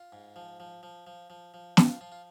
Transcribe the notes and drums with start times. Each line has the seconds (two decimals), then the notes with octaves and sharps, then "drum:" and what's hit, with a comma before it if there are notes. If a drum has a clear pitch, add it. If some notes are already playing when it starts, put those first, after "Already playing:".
Already playing: F4
0.12 G#2
0.36 F3
0.60 F3
0.83 F3
1.07 F3
1.30 F3
1.54 F3
1.77 F3 C#4, drum: snare
1.89 F4
2.01 F3 F4
2.12 F4